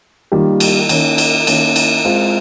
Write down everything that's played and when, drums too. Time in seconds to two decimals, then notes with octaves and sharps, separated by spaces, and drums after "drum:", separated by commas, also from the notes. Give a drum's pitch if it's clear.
0.32 D#3 G3 A#3 F4
0.60 drum: cymbal
0.89 D#3 A#3 C#4, drum: cymbal
1.18 drum: cymbal
1.47 D#3 A#3 C#4, drum: cymbal
1.76 drum: cymbal
2.05 G#3 C4 F4